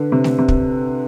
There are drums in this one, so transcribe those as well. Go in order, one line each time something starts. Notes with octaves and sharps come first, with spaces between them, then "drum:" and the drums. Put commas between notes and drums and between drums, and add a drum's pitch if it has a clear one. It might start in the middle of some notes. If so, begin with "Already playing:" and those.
Already playing: D3 B4
C3
drum: snare A3
C3
drum: kick